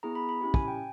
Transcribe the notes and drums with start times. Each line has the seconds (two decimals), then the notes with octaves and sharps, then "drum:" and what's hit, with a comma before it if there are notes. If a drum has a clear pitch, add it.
0.03 B3 E4 G#4 A#5
0.15 B5
0.29 B5
0.41 C#4 E4 G4
0.54 G#5, drum: kick
0.68 G5